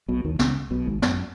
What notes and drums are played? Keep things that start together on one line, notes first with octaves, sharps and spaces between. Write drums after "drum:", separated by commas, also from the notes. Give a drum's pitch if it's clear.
B1 B2
D#2 D#3
D#3
C#2 C#3, drum: snare
B1 B2
G#1 G#2
F#2, drum: snare